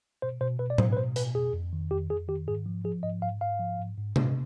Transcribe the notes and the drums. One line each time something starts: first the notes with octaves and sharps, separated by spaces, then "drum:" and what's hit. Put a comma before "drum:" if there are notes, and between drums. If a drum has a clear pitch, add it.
B2 C5
B2 C5
B2 B4
D5
B2 C5, drum: tom A2
B4
B2 C5
B2 B4, drum: hi-hat
F2 G#4
F2
D#3
F2 G4
F2 G#4
D#3 G4
G#2 G#4
F3
F3 G#4
G#2 D#5
G#2 F5
G#2 F5
F3
G#2
G#2
G#2, drum: tom C3